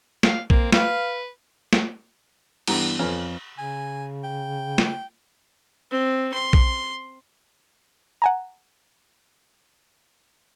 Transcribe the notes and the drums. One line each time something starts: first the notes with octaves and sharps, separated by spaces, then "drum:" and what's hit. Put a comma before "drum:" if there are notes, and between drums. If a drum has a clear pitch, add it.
F5, drum: snare
A#3 C4, drum: kick
B4 F5, drum: snare
drum: snare
G2 E3 G3 B3 G4 A#5, drum: cymbal
F2 F4 B4 C#5 G#5 F6
C#3 G#5
G5
drum: snare
C4
C6
drum: kick
F#5 G#5 A#5